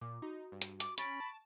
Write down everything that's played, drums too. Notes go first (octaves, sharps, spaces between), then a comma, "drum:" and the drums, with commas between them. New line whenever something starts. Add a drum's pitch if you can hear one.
A#2 D6
D#4 F#4
G2
drum: hi-hat
D6, drum: hi-hat
C#4 B5 C#6 A6 D7, drum: hi-hat
A5